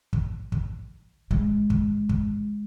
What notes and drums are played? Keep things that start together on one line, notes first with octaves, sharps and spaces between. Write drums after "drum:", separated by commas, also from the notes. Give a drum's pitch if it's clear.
drum: kick
drum: kick
G#3, drum: kick
drum: kick
drum: kick